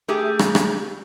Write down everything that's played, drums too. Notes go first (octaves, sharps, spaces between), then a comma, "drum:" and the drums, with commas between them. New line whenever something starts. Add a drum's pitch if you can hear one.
A3 G4 G#4
drum: rim click
drum: rim click